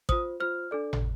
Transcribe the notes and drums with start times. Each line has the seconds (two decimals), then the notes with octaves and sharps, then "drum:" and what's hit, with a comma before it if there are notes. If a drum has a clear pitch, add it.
0.09 F4 C5 D#6, drum: kick
0.40 F4 C5 F6
0.71 D4 A4 D5
0.93 drum: tom